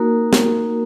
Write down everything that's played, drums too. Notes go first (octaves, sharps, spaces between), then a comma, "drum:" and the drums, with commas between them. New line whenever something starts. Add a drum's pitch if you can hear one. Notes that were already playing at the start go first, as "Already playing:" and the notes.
Already playing: A#3 D#4 F#4 A#4
drum: snare